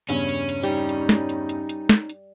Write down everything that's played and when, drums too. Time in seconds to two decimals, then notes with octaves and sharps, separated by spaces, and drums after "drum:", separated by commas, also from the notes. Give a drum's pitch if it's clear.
0.09 E2 G2 C#3 C#4, drum: hi-hat
0.29 drum: hi-hat
0.49 drum: hi-hat
0.63 G3 D#4
0.89 drum: hi-hat
1.09 drum: snare
1.29 drum: hi-hat
1.49 drum: hi-hat
1.69 drum: hi-hat
1.89 drum: snare
2.09 drum: hi-hat